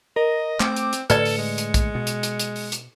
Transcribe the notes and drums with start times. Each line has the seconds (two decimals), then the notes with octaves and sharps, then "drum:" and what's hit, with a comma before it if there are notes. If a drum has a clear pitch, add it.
0.16 A#4 D#5
0.60 A3 C4 D6, drum: clap
0.76 drum: hi-hat
0.93 drum: hi-hat
1.10 A2 D3 A4 B4 D5 C#7, drum: hi-hat
1.25 drum: open hi-hat
1.38 G#3
1.58 drum: hi-hat
1.74 drum: kick, hi-hat
1.95 B2
2.07 drum: hi-hat
2.23 drum: hi-hat
2.39 drum: hi-hat
2.56 drum: open hi-hat
2.72 drum: hi-hat